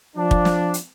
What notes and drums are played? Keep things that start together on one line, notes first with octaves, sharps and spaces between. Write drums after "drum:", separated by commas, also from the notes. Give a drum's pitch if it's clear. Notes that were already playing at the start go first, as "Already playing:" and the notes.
F3 D4
drum: kick
drum: snare
drum: hi-hat